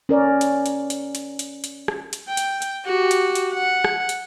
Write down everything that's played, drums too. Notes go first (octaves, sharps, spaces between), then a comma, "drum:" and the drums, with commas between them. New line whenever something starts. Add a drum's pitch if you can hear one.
C#4 A#4 D5
drum: hi-hat
drum: hi-hat
drum: hi-hat
drum: hi-hat
drum: hi-hat
drum: hi-hat
drum: rim click
drum: hi-hat
G5
drum: hi-hat
drum: hi-hat
F#4 G4
drum: hi-hat
drum: hi-hat
F#5
drum: rim click
drum: hi-hat